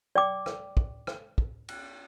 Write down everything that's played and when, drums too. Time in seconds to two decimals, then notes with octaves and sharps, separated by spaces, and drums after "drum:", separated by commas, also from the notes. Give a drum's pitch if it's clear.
0.15 D5 G5 D6
0.46 drum: rim click
0.77 drum: kick
1.07 drum: rim click
1.38 drum: kick
1.68 drum: cymbal